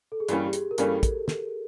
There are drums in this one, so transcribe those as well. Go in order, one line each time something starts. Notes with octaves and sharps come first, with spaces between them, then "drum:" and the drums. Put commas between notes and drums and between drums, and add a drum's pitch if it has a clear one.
A4
G#4
G2 E3 G3 A#3 C#4 G4, drum: hi-hat
G4
G#4, drum: hi-hat
A#4
G2 E3 G3 A#3 C#4 A4, drum: hi-hat
drum: kick, hi-hat
drum: snare